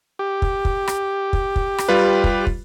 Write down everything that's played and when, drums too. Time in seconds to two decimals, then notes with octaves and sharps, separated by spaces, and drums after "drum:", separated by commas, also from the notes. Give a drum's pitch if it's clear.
0.19 G4
0.42 drum: kick
0.65 drum: kick
0.88 drum: rim click
1.33 drum: kick
1.56 drum: kick
1.78 drum: rim click
1.89 G3 F4 B4
2.24 drum: kick
2.47 drum: kick